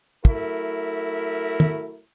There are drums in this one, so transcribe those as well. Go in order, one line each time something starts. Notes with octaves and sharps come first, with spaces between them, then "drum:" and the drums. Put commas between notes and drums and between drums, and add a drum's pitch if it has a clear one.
F#3 A3 E4 A#4, drum: kick
drum: tom